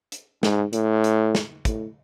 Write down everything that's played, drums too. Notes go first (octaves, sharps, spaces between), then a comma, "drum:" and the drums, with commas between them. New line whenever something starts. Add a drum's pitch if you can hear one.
drum: hi-hat
G#2, drum: snare
A2, drum: hi-hat
drum: hi-hat
drum: snare
A2, drum: kick, hi-hat